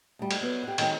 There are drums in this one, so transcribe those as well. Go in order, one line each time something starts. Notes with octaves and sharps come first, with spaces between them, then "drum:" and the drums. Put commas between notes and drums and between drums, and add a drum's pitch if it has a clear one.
D2 G3
drum: cymbal
F#3 B3
G4 F#5
D#3 F#3 G#3 A#3 C4, drum: cymbal